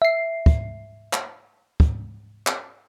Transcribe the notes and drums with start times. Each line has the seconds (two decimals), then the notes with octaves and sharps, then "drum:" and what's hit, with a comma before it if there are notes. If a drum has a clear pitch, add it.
0.02 E5 C7
0.46 drum: kick
1.13 drum: clap
1.80 drum: kick
2.47 drum: clap